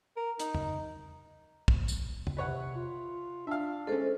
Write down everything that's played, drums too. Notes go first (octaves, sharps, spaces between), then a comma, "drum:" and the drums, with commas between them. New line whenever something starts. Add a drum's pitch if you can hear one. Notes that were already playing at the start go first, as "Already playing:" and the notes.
A#4
D#4, drum: hi-hat
drum: tom
drum: kick
drum: tambourine
drum: tom
C3 B4 C#5 F#5
F4
D4 E5 F5
G#3 C#4 A4 C5